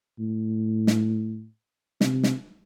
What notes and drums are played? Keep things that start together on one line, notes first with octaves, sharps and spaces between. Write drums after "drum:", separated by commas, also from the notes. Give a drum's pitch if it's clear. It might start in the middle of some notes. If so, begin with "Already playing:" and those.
A2
drum: snare
C3, drum: snare
drum: snare